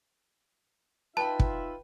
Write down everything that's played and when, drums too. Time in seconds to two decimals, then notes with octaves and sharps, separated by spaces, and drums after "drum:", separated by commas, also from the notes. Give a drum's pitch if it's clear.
1.17 D#4 F4 B4 E5 G5 A5 B5
1.40 drum: kick